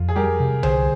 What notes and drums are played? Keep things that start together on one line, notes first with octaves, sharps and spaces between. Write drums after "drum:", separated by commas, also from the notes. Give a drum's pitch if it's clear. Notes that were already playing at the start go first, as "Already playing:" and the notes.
Already playing: F2 F4
G#4
G3 G4 A#4
C3
D3 G#4 C5, drum: tom C2